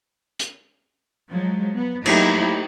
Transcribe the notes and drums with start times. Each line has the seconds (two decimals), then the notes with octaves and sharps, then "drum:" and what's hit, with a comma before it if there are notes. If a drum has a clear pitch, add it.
0.39 drum: hi-hat
1.30 F3 F#3 G#3
1.74 B3
2.06 F#3 A3 A#3 D#4 E4 G4, drum: cymbal